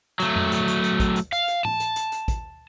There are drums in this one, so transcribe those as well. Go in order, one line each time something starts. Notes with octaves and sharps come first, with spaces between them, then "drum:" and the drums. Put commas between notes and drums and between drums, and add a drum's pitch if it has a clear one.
F#3 A3, drum: hi-hat
drum: tom F2
drum: hi-hat
drum: hi-hat
drum: hi-hat
drum: kick, hi-hat
drum: hi-hat
F5, drum: hi-hat
drum: hi-hat
A5, drum: tom A2
drum: hi-hat
drum: hi-hat
drum: hi-hat
drum: kick, hi-hat